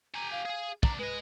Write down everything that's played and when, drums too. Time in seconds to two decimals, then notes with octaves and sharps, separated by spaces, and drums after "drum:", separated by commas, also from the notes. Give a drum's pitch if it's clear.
0.15 G4 G#5 A#5
0.32 F5
0.46 G#4 G#5
0.83 E2 D4 A#5, drum: kick
0.99 G#3 B4 D#5